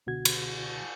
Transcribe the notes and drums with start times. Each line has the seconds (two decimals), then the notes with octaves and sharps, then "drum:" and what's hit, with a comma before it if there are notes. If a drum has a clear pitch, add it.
0.07 C#2 B2 D3 F#4 G#6
0.25 drum: cymbal